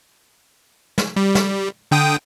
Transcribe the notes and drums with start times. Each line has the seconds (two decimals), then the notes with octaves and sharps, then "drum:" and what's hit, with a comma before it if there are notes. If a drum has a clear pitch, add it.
0.98 drum: snare
1.16 G3
1.35 drum: snare
1.91 D3 G5 D#6